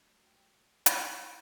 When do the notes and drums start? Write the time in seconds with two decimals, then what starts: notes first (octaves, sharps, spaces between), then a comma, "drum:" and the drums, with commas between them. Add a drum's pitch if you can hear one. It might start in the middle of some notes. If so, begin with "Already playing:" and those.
Already playing: G2 F#3 A3
0.26 G5
0.86 E2 C#3 E3 A5, drum: hi-hat
0.96 A5
1.06 B5
1.16 A5